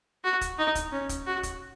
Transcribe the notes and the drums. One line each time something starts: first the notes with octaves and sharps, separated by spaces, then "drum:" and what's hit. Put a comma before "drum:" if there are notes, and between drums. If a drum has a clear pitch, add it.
F#4
drum: kick, hi-hat
D#4
drum: kick, hi-hat
C#4
drum: kick, hi-hat
F#4
drum: kick, hi-hat